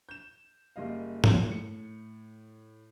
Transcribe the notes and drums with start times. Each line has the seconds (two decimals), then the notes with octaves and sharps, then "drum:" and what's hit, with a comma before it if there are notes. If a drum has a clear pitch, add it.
0.09 G6 E7
0.76 F#1 G3 D#5 F5
1.24 drum: tom G#2
1.48 A2 C#7